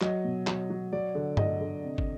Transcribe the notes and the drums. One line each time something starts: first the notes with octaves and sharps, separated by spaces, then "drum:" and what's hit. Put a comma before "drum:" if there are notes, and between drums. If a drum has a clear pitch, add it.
F#3 D#5, drum: clap
B2
F#3, drum: clap
F#3
F#3 D5
D3
D3 D#5, drum: tom G2
D3
C3
drum: kick